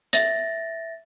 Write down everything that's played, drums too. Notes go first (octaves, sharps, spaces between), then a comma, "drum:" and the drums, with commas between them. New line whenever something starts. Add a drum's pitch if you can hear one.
E5 A6 A#6, drum: hi-hat